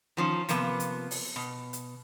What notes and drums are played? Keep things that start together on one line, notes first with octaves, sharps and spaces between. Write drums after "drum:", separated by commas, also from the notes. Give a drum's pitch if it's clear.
D#3 F3 C#4
C3 F3 A#3 B3, drum: hi-hat
drum: hi-hat
drum: open hi-hat
B2
drum: hi-hat